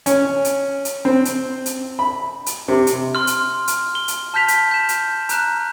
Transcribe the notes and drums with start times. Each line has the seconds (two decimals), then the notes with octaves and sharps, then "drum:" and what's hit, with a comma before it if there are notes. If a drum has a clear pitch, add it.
0.06 C#4, drum: hi-hat
0.45 drum: hi-hat
0.85 drum: hi-hat
1.05 C4
1.25 drum: hi-hat
1.66 drum: hi-hat
1.99 B5
2.46 drum: hi-hat
2.68 C3
2.87 drum: hi-hat
3.15 C6 F6
3.27 drum: hi-hat
3.67 drum: hi-hat
3.95 G7
4.08 drum: hi-hat
4.34 A5 F6 G6 B6 F7
4.48 drum: hi-hat
4.71 G6 E7
4.89 drum: hi-hat
5.29 A#5 F6 F#6 E7, drum: hi-hat